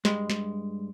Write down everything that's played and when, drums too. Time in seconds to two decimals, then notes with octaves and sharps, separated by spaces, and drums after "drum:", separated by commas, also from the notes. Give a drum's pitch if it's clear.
0.05 G2 G#3, drum: snare
0.30 drum: snare